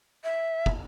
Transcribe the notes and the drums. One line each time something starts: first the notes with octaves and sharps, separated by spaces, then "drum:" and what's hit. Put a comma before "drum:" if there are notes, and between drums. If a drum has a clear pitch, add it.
E5
drum: kick